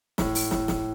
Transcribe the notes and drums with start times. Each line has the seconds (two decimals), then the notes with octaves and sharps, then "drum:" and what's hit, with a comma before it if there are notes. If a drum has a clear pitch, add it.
0.18 A2, drum: snare
0.35 drum: open hi-hat
0.51 A2, drum: snare
0.68 drum: snare